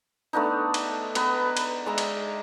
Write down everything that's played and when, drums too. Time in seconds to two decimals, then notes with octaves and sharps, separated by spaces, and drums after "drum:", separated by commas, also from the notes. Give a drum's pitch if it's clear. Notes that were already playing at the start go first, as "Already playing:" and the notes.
0.33 A3 B3 D4 D#4
0.74 drum: cymbal
1.15 B3 B4 A#5, drum: cymbal
1.57 drum: cymbal
1.86 G#3 D5 E5 A#5
1.98 drum: cymbal